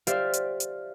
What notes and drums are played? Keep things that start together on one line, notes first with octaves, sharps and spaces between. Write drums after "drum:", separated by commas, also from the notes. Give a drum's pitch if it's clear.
G4 C5 D5 E5 F5, drum: hi-hat
drum: hi-hat
drum: hi-hat